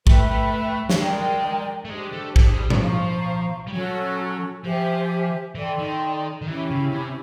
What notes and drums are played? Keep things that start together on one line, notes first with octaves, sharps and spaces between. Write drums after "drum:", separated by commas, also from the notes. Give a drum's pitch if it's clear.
A3 B4 E5 G5, drum: kick A1
A3
A3, drum: snare
G#3 A#4 D5 G5 A#5
A3
G#3 D4 G4 C5
A3
A3, drum: kick A1
G#3
G3
F#3, drum: tom A#2
F3 C5 F5 A#5 C#6
G3
F#3 C#4 F#4 A4
F3 G4 C5 E5 G#5
E3 A4 D5 G5 C6
D#3
D#3
E3 C#4 E4 G4
C#3
C3